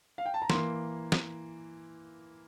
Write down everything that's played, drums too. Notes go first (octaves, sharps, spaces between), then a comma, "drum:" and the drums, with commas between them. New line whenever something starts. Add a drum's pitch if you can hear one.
F5
G5
A5
A#5
E3 A#3 C6, drum: snare
drum: snare